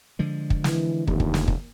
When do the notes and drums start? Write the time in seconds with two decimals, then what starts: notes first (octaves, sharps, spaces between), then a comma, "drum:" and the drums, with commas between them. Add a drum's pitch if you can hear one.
0.19 D3 F3 G#3
0.50 drum: kick
0.64 E3, drum: snare
1.07 F1 D#2, drum: kick
1.20 drum: kick
1.34 drum: snare
1.48 drum: kick